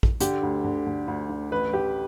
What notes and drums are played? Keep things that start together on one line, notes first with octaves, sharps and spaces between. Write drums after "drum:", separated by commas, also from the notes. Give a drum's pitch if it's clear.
drum: kick
D3 G4, drum: hi-hat
D2
D3
D3
D2
D2
A1 B4
A1 G4